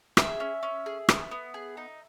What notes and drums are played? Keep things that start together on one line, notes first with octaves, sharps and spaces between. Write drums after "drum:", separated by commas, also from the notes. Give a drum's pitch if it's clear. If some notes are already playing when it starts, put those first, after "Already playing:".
G#4 E5, drum: rim click
C#4
C#4
G#4
B3, drum: rim click
B3
G#4
D#4